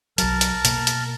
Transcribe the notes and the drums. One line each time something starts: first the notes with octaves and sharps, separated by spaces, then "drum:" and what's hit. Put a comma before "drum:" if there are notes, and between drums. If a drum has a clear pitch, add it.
B1 F#3 A#4 A5, drum: hi-hat
drum: hi-hat
B2 A#3, drum: hi-hat
drum: hi-hat